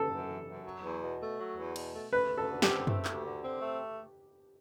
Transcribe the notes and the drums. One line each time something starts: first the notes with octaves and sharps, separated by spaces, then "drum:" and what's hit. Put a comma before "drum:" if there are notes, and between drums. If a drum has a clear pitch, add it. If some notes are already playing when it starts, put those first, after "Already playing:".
Already playing: A4
F#2
E3
F#2
F#3
E2
B2
A3
F#3
E2
B2, drum: cymbal
A3
A3 B4
D2
A4
D3
G4, drum: snare
C4
A3, drum: tom F#2
D2, drum: clap
D3
C4
A3